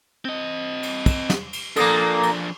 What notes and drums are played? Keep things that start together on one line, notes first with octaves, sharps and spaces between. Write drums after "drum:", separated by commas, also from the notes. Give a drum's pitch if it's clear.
C4 D#5
drum: cymbal
drum: kick, cymbal
drum: snare
drum: cymbal
A#2 F3 A#3 D4 A4 D#6 A#6, drum: cymbal
drum: cymbal